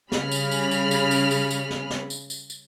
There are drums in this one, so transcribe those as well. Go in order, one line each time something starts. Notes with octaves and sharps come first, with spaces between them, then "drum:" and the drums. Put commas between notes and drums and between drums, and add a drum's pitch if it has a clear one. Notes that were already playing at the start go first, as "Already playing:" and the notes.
C#3 G3 G#4 B5 F6, drum: snare
drum: tambourine
drum: tambourine
drum: tambourine
drum: tambourine
drum: tambourine
drum: tambourine
drum: tambourine
drum: snare
drum: snare
drum: tambourine
drum: tambourine
drum: tambourine